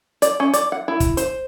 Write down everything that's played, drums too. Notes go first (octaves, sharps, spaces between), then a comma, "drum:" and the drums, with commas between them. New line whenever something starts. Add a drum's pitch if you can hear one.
D5, drum: hi-hat
C#4
D5, drum: hi-hat
F#5
E4
drum: kick, hi-hat
C5, drum: hi-hat